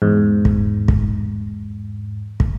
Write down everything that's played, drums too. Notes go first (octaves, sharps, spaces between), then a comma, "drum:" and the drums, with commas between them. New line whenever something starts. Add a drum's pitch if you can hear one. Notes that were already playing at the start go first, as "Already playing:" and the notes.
E2 G#2
drum: kick
drum: kick
drum: kick